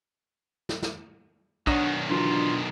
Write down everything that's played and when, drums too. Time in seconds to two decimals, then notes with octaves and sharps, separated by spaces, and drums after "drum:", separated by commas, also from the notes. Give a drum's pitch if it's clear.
0.69 drum: snare
0.82 drum: snare
1.67 B1 D#3 D4 C#5 F#5 D#6, drum: kick
2.10 D3 E3 F#3 F4